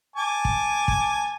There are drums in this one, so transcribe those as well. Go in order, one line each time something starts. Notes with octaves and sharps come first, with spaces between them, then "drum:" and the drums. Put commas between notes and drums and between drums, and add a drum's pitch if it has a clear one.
G#5 A5 D6
drum: kick
drum: kick